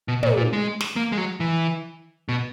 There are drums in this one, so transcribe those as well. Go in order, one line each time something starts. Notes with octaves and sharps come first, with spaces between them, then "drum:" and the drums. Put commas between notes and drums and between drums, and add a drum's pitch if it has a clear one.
B2
A#2, drum: tom
A#2
G#3
drum: snare
A#3
G#3
F#3
E3
B2